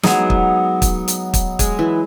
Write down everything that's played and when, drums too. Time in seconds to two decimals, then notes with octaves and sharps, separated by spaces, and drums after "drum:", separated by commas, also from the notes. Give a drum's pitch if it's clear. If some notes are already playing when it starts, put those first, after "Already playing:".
0.03 F#3 G#3 B3 D#4 G#4, drum: snare
0.30 drum: kick
0.82 drum: kick, hi-hat
1.08 drum: hi-hat
1.34 drum: kick, hi-hat
1.59 G#3 G#4, drum: kick, hi-hat
1.79 E3 E4